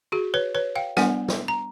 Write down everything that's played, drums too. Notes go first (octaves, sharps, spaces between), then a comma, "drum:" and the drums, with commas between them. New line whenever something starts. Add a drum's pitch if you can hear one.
F#4 G#4
B4 C#5
B4 C#5
F5 G5
G3 B3 D4 F#5 G#5, drum: snare
drum: snare
A#5